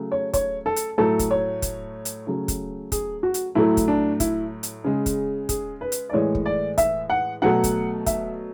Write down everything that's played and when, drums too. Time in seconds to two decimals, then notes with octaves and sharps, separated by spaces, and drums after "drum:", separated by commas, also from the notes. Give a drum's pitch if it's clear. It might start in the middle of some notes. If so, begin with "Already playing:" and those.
Already playing: C#3 F#3 A3
0.12 C#5
0.33 C#5, drum: kick, hi-hat
0.66 A4
0.76 drum: hi-hat
0.98 A2 F#3 A3 A4
1.19 drum: kick, hi-hat
1.31 C#5
1.62 drum: kick, hi-hat
2.05 drum: hi-hat
2.27 C#3 F#3 A3
2.48 drum: kick, hi-hat
2.92 G#4, drum: kick, hi-hat
3.23 F#4
3.34 drum: hi-hat
3.55 A2 F#3 A3 E4
3.77 drum: kick, hi-hat
3.88 D4
4.20 E4, drum: kick, hi-hat
4.63 drum: hi-hat
4.84 C#3 G#3
5.06 drum: kick, hi-hat
5.49 G#4, drum: kick, hi-hat
5.81 B4
5.92 drum: hi-hat
6.09 D5
6.13 A2 E3 G#3 C#5
6.35 drum: kick
6.46 D5
6.78 E5, drum: kick, hi-hat
7.10 F#5
7.42 B2 F#3 A3 F#5
7.64 drum: kick, hi-hat
8.06 E5, drum: kick, hi-hat